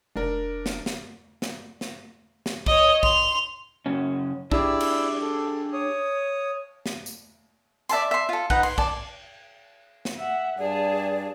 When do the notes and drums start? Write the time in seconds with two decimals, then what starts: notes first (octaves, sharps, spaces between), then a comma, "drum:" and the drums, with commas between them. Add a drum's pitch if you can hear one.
0.16 F1 D4 A#4
0.66 drum: snare
0.86 drum: snare
1.42 drum: snare
1.81 drum: snare
2.46 drum: snare
2.66 C#5 D#5, drum: kick
3.03 C6 F7, drum: kick
3.86 F#2 C#3 C#4
4.52 D4 E4 G4 G#4 D5 E6, drum: kick
4.80 drum: cymbal
5.21 A4
5.73 C#5 D#6
6.86 drum: snare
7.06 drum: tambourine
7.89 D5 E5 A5 C6, drum: hi-hat
8.11 E5 C6
8.29 F4 A4
8.50 D#4 B4 F#5 A#5, drum: kick
8.63 C6, drum: cymbal
8.78 D5 A5, drum: kick
10.05 drum: snare
10.18 E5 F#5
10.59 G2 G#4 D5 A5